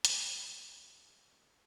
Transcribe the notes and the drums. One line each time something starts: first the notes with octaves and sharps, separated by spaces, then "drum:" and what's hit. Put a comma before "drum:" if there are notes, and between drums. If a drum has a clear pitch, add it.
A2, drum: hi-hat
G#2
G5
A#1
C#4
D6
A#2
G#4